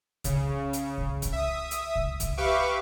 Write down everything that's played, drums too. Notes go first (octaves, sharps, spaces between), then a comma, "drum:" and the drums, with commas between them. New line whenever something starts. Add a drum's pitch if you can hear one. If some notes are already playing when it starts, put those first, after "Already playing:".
C#3, drum: kick C2, hi-hat
drum: hi-hat
drum: kick C2
drum: kick C2, hi-hat
E5 D#6
drum: hi-hat
drum: kick C2
drum: kick C2, hi-hat
G4 B4 E5 F5 C#6 D6